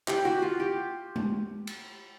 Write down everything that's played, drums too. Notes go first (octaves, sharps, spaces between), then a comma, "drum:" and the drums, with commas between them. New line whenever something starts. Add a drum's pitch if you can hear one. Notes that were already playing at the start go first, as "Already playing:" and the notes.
G4, drum: clap
F#4
F4
G4
drum: tom G#3
drum: cymbal